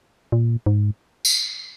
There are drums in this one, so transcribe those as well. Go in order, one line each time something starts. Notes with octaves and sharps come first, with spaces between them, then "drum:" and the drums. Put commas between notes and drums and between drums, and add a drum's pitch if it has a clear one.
A#2
G#2
drum: tambourine